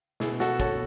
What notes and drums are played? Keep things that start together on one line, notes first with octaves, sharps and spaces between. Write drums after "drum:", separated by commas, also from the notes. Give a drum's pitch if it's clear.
B2 E4 G#4, drum: snare
F#4 A4, drum: snare
B2 A4 C#5, drum: kick, hi-hat